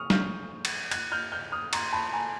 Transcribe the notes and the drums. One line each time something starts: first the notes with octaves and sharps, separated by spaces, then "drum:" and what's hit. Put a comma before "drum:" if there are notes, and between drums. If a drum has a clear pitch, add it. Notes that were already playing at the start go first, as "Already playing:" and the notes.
Already playing: C#6 D#6 F6
F6 G6, drum: snare
drum: cymbal
F#6 G#6, drum: cymbal
F6 G6
F6 G6
D#6 F6
A#5 C6, drum: cymbal
A5 B5
G#5 A#5